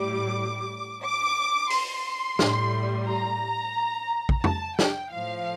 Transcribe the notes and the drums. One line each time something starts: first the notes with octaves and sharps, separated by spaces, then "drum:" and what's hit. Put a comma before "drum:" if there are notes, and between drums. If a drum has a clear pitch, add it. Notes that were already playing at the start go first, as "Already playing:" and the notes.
Already playing: A2 G3 D6
D6
C6, drum: open hi-hat
A2 G3, drum: snare
A#5
drum: kick
A5, drum: tom F2
G5, drum: snare
A2 F3 F5